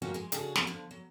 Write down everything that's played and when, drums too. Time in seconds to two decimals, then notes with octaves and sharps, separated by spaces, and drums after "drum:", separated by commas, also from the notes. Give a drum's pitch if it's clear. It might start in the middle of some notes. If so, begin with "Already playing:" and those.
0.02 G#2 D#3 A#3 C#4 F4 F#4
0.14 E3 G#3
0.32 C#3 D4 F#4 G#4 A4, drum: hi-hat
0.56 B3 D#4 F4 F#4 A4 C#5, drum: snare
0.67 D3 F3
0.91 F#3